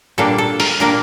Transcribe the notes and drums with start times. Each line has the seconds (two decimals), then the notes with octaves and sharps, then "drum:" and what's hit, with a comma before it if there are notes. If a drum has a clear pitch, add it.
0.18 A#2 G3 A#3 D4 A4
0.38 A4
0.60 A#4, drum: open hi-hat
0.80 A#2 G3 A#3 D4 A#4